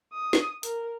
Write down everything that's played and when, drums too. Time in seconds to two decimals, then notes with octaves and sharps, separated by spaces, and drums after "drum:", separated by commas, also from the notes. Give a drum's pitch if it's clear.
0.13 D#6
0.33 drum: snare
0.63 A#4, drum: hi-hat